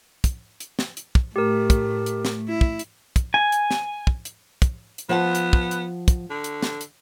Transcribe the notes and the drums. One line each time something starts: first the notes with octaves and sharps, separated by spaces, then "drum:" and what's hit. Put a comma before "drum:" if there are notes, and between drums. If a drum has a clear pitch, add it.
drum: kick, hi-hat
drum: hi-hat
drum: snare
drum: hi-hat
drum: kick
A2 A3 G4 A#4
drum: kick, hi-hat
drum: hi-hat
drum: snare
E4
drum: kick
drum: hi-hat
drum: kick, hi-hat
G#5
drum: hi-hat
drum: snare
drum: kick
drum: hi-hat
drum: kick, hi-hat
drum: hi-hat
F3 B3 F#5 A5
drum: hi-hat
drum: kick
drum: hi-hat
drum: kick, hi-hat
D3
drum: hi-hat
drum: snare
drum: hi-hat